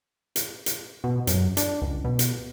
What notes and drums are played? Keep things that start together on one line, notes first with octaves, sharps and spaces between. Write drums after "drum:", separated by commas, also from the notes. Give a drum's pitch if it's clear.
drum: hi-hat
drum: hi-hat
B2
F#2, drum: hi-hat
D4, drum: hi-hat
C#2
B2
drum: hi-hat